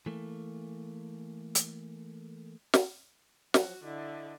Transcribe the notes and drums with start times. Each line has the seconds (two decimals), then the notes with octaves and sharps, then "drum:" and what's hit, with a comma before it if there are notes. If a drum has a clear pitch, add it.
0.06 E3 A3 A#3
1.55 drum: hi-hat
2.74 drum: snare
3.54 F3 F#3 F#4, drum: snare
3.84 D3 E4 D#5 E5